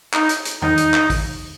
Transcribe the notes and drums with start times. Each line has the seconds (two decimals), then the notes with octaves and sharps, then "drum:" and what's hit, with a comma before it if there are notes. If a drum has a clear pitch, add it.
0.13 D#4, drum: clap
0.29 drum: hi-hat
0.45 drum: hi-hat
0.62 D#4, drum: tom E2
0.78 drum: hi-hat
0.94 drum: clap
1.10 drum: kick A1, open hi-hat